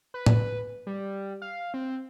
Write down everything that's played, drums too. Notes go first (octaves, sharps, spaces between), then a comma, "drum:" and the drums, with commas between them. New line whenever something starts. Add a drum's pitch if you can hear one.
B4
drum: tom A2
G3
F5
C4